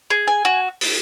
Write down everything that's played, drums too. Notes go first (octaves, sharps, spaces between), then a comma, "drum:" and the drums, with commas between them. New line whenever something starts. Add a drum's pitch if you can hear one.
G#4
G#5
F#4
drum: open hi-hat